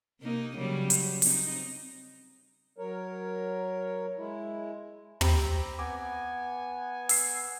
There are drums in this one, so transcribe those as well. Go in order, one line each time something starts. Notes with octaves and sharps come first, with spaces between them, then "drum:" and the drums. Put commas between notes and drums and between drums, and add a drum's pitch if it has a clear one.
C3 A#3 D#4
C#3 F#3 G3
drum: hi-hat
C4 D#4, drum: open hi-hat
F#3 A#4 C#5
G#3 E4
C4 G4 A#5 B5, drum: tom
B3 G#5 D6
E6 C7, drum: open hi-hat